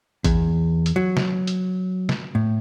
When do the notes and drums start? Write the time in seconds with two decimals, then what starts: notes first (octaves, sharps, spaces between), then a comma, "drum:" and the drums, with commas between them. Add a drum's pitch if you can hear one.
0.24 E2, drum: kick A1, hi-hat
0.86 drum: hi-hat
0.96 F#3
1.17 drum: snare
1.47 drum: hi-hat
2.09 drum: snare
2.35 A2